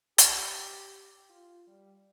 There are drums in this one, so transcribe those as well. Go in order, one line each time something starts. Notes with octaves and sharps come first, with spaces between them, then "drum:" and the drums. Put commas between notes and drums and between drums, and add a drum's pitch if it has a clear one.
G4, drum: hi-hat
F4
G3